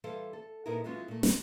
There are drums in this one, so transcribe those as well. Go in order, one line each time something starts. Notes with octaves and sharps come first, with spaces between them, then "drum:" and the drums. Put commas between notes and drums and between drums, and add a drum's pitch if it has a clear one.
E3 G3 A4 C5 F5 G5
A4
A#2 B3 D#4 E4 G#4 A#4
E3 F#3 G#3 B3 C#4 F4
A#2 A3
D3 D#3 F#3 A#3, drum: snare